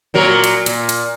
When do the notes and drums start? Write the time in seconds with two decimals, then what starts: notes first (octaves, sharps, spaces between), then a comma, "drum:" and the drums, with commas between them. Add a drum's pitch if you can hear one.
0.14 A#2 F#3 A#4
0.44 drum: hi-hat
0.66 A#2, drum: hi-hat
0.89 drum: hi-hat